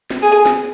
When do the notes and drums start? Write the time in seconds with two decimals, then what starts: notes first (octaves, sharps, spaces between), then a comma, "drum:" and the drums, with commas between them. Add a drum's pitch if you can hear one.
0.11 drum: snare
0.22 G#4
0.46 drum: snare